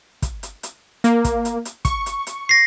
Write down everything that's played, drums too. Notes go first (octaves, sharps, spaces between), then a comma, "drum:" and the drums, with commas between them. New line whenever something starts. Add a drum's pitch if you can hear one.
drum: kick, hi-hat
drum: hi-hat
drum: hi-hat
A#3, drum: hi-hat
drum: kick, hi-hat
drum: hi-hat
drum: hi-hat
C#6, drum: kick, hi-hat
drum: hi-hat
drum: hi-hat
A#6 C7